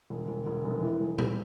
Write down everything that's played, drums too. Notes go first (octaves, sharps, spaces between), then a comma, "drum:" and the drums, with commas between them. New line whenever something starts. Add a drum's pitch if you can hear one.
E1
E1
E1
F1
E3
F1
G3, drum: tom A#2